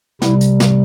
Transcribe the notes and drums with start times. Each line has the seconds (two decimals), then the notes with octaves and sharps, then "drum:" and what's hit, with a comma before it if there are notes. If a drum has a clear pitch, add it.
0.22 C3 G3 E4, drum: snare
0.41 drum: hi-hat
0.60 drum: snare